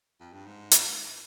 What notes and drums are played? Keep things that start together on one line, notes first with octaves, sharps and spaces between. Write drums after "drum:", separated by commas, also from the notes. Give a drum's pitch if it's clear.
F2
G2
G#2
drum: hi-hat